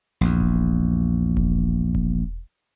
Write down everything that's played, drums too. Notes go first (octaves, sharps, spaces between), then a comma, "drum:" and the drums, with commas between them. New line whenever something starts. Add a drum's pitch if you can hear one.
A#1 E2
drum: kick E1
drum: kick E1
drum: kick E1